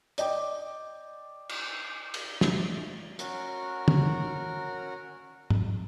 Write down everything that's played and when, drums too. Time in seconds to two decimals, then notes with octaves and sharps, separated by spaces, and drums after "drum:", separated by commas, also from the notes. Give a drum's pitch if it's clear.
0.18 D5 D#5 G5 D6, drum: hi-hat
1.49 drum: cymbal
2.14 drum: cymbal
2.41 A3, drum: snare
3.19 C#4 F#4 A#4, drum: hi-hat
3.88 drum: tom
5.50 drum: tom